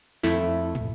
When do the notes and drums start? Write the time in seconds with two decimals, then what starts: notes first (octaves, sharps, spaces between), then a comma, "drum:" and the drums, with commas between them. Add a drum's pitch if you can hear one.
0.23 F2 A3 E4, drum: snare
0.75 drum: tom